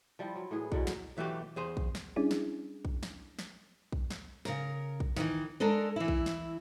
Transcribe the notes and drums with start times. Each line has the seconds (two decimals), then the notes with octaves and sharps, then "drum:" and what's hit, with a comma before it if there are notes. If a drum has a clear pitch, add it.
0.19 F3 G3 E4 F4
0.36 F#3
0.51 A2 E3 G#4
0.72 B2 D3 F#3 F#4, drum: kick
0.87 drum: snare
1.17 B1 E3 A3 F#4 G4
1.56 E2 G#4 C5
1.77 drum: kick
1.95 drum: snare
2.16 G3 C#4 D4 E4 G#4
2.31 drum: snare
2.85 drum: kick
3.03 drum: snare
3.39 drum: snare
3.92 drum: kick
4.10 drum: snare
4.45 C#3 A#4, drum: snare
5.00 drum: kick
5.16 D#3 E3, drum: snare
5.60 G#3 D4 A4 A#4
5.96 E3 E4
6.08 drum: kick
6.26 drum: snare